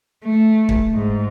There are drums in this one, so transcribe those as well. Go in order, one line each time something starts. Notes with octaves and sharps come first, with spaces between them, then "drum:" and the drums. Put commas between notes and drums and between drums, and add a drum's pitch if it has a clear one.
A3
drum: kick
G#2